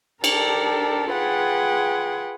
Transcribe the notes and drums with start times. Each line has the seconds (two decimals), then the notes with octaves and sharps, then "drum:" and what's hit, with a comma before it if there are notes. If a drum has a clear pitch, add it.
0.24 D4 G4 A4 A#4, drum: cymbal
1.12 F4 G#4 B4 F#5 G5